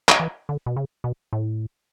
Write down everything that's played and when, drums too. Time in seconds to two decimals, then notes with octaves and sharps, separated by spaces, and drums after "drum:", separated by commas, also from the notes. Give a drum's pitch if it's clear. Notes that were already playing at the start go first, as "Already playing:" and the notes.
0.09 drum: clap
0.20 E3
0.49 D3
0.66 B2
0.77 C#3
1.04 B2
1.33 A2